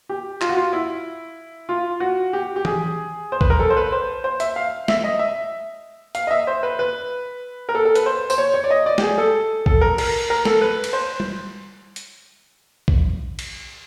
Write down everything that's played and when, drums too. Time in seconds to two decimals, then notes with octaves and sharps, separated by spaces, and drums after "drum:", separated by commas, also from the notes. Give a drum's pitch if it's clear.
0.09 G4
0.41 F4, drum: clap
0.49 F#4
0.57 F4
0.73 E4
1.69 F4
2.00 F#4
2.33 G4
2.56 G4
2.65 G#4, drum: tom E3
3.32 C5
3.41 B4, drum: kick
3.50 A#4
3.60 A4
3.70 C5
3.77 B4
3.92 C5
4.24 C5
4.40 E5, drum: hi-hat
4.56 F5
4.88 E5, drum: snare
5.04 D#5
5.19 E5
6.15 F5, drum: hi-hat
6.27 D#5
6.31 E5
6.47 C5
6.63 B4
6.79 B4
7.69 A#4
7.75 A4
7.85 A4
7.95 B4, drum: hi-hat
8.06 C5
8.30 C5, drum: tambourine
8.38 C#5
8.54 C#5
8.64 D5
8.71 D#5
8.86 D5
8.98 G4, drum: snare
9.02 G#4
9.18 A4
9.66 A4, drum: kick
9.81 A#4
9.98 A#4, drum: cymbal
10.30 A#4
10.45 A4, drum: snare
10.61 B4
10.84 drum: cymbal
10.93 C5
11.20 drum: tom G3
11.96 drum: hi-hat
12.88 drum: kick
13.39 drum: cymbal